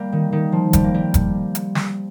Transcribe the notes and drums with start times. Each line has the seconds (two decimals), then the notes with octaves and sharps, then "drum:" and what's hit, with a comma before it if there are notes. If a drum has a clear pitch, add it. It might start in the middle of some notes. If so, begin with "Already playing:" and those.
Already playing: G3 A#3
0.12 D#3
0.32 D#3
0.52 F3
0.73 G3, drum: kick F1, hi-hat
0.84 A#3
0.94 G3
1.14 drum: kick F1, hi-hat
1.55 drum: hi-hat
1.75 drum: snare